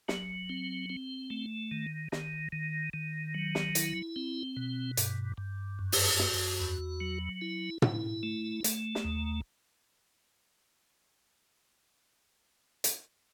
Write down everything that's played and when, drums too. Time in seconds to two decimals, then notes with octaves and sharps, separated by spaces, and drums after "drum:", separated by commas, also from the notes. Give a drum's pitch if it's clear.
0.08 F#3, drum: snare
0.50 C4
0.90 C4
1.30 A3
1.71 D#3
2.12 D#3, drum: snare
2.52 D#3
2.93 D#3
3.34 F#3
3.55 drum: snare
3.75 E4, drum: hi-hat
4.16 C4
4.57 B2
4.97 G2, drum: hi-hat
5.38 G2
5.79 F#2
5.92 drum: open hi-hat
6.19 F#4, drum: snare
6.60 E2
7.01 F#3
7.41 E4
7.82 E4, drum: tom
8.23 A3
8.64 A3, drum: hi-hat
8.95 drum: snare
9.04 D#2
12.84 drum: hi-hat